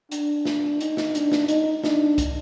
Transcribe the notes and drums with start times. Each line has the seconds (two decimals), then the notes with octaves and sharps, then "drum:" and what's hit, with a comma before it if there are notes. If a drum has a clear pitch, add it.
0.12 D4, drum: hi-hat
0.45 drum: snare
0.81 D#4, drum: hi-hat
0.97 drum: snare
1.15 D4, drum: hi-hat
1.32 drum: snare
1.48 D#4, drum: hi-hat
1.84 D4, drum: snare
2.18 drum: kick, hi-hat